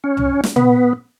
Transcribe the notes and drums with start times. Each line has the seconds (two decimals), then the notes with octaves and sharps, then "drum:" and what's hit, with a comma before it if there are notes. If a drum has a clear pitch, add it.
0.04 C#4
0.17 drum: tom C2
0.44 drum: snare
0.56 B3, drum: tom A#2